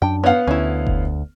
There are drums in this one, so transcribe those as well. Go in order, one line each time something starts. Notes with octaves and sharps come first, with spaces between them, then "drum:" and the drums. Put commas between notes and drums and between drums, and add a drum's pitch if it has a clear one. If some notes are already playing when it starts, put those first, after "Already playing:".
F#2 D4 G5
B3 C#5 F5 F#5
D2 C#4 E4
drum: kick F1